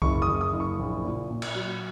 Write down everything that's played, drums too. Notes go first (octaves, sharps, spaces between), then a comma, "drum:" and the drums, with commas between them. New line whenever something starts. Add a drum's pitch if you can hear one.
F#1 C#6, drum: kick C2
D#6
F#1
D#6
F#1
C#6
A#1
A#2
A#2
drum: cymbal
F#3